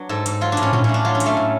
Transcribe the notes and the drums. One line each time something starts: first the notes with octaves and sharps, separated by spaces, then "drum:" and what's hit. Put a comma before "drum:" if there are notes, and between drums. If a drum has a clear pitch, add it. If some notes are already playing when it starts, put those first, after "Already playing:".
Already playing: F#3 B3 D4
G#2 A4
G#2, drum: hi-hat
F#3 F4
D4
A2, drum: hi-hat
C#4
F#3 C#4, drum: tom A2
A2 C#4
D4
F#3 F4
C#4
F#3, drum: hi-hat
A3
A2